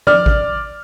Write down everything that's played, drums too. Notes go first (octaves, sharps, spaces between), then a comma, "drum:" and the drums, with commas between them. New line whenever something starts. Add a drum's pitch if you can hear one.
D5 F6, drum: tom
drum: kick G#1